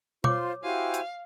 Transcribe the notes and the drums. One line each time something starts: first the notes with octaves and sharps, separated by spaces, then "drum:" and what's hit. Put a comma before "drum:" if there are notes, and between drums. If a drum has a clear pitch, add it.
F4 C5 C#5 C6 D6, drum: tom B2
E4 F#4 G4 C5 F5 G#5
drum: hi-hat